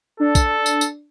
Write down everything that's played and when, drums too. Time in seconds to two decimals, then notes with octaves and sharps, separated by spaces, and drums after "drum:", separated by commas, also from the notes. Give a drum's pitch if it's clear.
0.20 D4 A4
0.35 drum: kick, tambourine
0.66 drum: tambourine
0.81 drum: tambourine